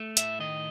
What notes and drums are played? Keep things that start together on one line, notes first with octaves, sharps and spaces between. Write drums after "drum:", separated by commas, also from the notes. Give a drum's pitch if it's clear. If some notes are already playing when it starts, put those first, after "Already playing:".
Already playing: A3
A2 E5, drum: hi-hat
D#3 D#5